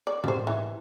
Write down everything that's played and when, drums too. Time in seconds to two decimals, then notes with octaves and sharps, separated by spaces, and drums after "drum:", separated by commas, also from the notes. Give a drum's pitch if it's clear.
0.07 D5
0.24 G3 C5, drum: tom
0.47 E3